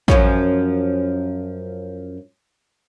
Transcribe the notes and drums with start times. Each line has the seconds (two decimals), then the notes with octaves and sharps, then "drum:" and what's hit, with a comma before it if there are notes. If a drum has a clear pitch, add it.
0.08 F#2 F3 C#4, drum: kick